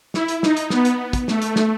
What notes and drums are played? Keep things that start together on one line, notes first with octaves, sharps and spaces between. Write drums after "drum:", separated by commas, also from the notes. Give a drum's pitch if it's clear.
E4, drum: snare
drum: hi-hat
D#4, drum: snare
drum: hi-hat
B3, drum: snare
drum: hi-hat
drum: kick, hi-hat
A3, drum: snare
drum: hi-hat
drum: snare